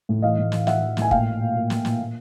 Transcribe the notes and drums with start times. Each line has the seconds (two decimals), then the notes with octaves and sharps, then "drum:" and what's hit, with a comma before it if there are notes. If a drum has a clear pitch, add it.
0.09 A2
0.22 E3 D#5 F5
0.38 A2
0.52 E3, drum: snare
0.67 E3 E5 F#5, drum: snare
0.82 E3
0.97 A2, drum: snare
1.02 G#5
1.11 A#2 F5 G5, drum: kick
1.25 A#2
1.41 A#2
1.55 A#2
1.70 A#2, drum: snare
1.85 A#2, drum: snare
1.99 A#2